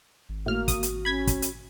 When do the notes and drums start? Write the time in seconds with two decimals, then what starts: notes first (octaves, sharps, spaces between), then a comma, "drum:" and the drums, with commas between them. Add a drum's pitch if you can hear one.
0.29 G#1
0.46 A2 A#3 F#4 F6
0.68 D#6, drum: kick, hi-hat
0.83 drum: hi-hat
1.05 C#4 B5 G#6 B6
1.27 drum: kick, hi-hat
1.42 drum: hi-hat